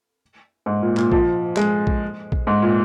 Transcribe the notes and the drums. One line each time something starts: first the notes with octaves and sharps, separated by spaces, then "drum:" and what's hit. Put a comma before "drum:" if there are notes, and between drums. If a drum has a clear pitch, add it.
G#2
A#2
A#2, drum: clap
F3, drum: kick A#1
G#3, drum: clap
drum: kick A#1
drum: kick A#1
G#2
A#2